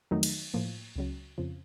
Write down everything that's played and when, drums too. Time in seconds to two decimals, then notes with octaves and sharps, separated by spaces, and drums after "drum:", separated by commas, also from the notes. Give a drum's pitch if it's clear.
0.11 F2 D#3 F#3 A3 D#4
0.23 drum: cymbal
0.54 A2 F3 A#3
0.96 C#2 C#3 F#3
1.38 F2 C#3 F3